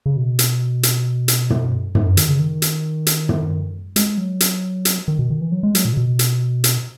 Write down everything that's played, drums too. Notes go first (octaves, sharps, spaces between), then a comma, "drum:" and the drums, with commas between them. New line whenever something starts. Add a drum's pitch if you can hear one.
C#3
B2
drum: hi-hat
drum: hi-hat
drum: hi-hat
drum: tom
G#2, drum: tom
F#2
D#3, drum: hi-hat
C#3
D#3
drum: hi-hat
drum: hi-hat
drum: tom
G#3, drum: hi-hat
F#3
drum: hi-hat
drum: hi-hat
D#3
B2
D#3
E3
F#3
G#3
F#3, drum: hi-hat
A#2
C#3
B2
drum: hi-hat
drum: hi-hat